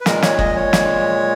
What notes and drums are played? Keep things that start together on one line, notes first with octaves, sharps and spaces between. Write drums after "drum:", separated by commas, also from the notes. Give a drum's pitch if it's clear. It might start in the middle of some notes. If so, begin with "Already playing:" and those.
B4
A#2 G#3 A#4, drum: snare
C#5, drum: snare
D#5, drum: kick F#1
C#5
drum: snare